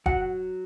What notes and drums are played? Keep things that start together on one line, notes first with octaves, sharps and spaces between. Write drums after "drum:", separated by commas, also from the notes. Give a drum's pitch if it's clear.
F#3 F#5, drum: kick